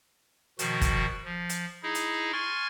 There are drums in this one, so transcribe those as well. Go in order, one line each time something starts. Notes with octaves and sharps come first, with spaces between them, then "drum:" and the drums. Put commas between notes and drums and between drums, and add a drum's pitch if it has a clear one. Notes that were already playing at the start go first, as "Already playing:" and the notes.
B2 D#3 F3 F#4, drum: hi-hat
drum: kick, hi-hat
F3
drum: hi-hat
D#4 E4 G#4 D#5
drum: hi-hat
G#5 C6 C#6 F6 G#6 A6